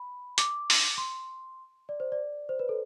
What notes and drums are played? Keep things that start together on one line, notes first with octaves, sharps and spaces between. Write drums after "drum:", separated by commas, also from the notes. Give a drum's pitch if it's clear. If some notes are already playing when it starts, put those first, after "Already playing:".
Already playing: B5
D6, drum: hi-hat
drum: open hi-hat
C6
D5
C5
D5
C5
B4
A4